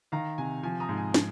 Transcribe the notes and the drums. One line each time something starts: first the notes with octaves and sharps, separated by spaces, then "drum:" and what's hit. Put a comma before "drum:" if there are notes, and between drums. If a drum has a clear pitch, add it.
D#3 F5 A#5
C3 G#5
F3 G#5
A#5 D#6
G#2
G#5
F3, drum: snare